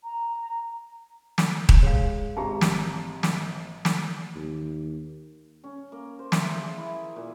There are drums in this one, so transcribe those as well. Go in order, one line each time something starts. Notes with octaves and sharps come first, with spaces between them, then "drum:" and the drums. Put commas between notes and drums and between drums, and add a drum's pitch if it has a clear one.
A#5
drum: snare
drum: kick D#1
G#3 C#5 F5
G#1 G4 G#4 A5 A#5
drum: snare
drum: snare
drum: snare
D#2
C#4
A#3
C5
E5, drum: snare
G#4
E4
A#2